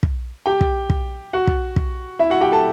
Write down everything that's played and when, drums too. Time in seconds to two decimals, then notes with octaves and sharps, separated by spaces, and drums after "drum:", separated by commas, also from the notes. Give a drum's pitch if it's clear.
0.03 drum: kick
0.46 G4 G5
0.61 drum: kick
0.90 drum: kick
1.33 F#4 F#5
1.47 drum: kick
1.76 drum: kick
2.19 E4 E5
2.30 F#4 F#5
2.41 G4 G5
2.52 A4 A5